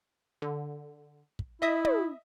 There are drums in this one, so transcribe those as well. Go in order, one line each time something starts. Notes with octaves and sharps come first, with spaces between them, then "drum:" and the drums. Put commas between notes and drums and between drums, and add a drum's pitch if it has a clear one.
D3
drum: kick
E4 D#5 E5 D#6
drum: tom